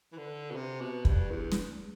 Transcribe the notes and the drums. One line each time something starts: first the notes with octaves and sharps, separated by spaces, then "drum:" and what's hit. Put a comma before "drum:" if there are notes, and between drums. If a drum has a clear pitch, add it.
E3
D3
B2
C3
B2
G2, drum: kick
E2
drum: snare